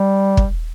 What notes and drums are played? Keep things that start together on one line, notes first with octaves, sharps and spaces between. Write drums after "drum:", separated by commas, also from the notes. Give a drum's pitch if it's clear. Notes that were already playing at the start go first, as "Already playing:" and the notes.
Already playing: G3
drum: kick